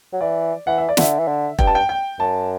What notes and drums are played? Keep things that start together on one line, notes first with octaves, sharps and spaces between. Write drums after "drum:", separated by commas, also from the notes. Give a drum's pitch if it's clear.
F#3
E3 D5
E3 F#5
E5
D5
D3 E5, drum: snare
E3
D3
G2 G5, drum: kick F1
A5
G5
G5
F#2 A5